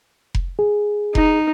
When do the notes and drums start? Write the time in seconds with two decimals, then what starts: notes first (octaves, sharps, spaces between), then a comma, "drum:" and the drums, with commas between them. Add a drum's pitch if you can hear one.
0.35 drum: kick F1
0.59 G#4
1.15 D#4, drum: kick F1